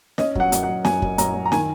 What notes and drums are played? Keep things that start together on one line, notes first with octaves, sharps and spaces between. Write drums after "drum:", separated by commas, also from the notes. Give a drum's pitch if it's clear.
C#4 D#5, drum: snare
F#3 F#5, drum: kick
F#2, drum: hi-hat
F#5
F#2
F#2 G#5, drum: snare
F#2, drum: kick
F#2 A#5, drum: hi-hat
F#2
A#5
D#3 G#5, drum: snare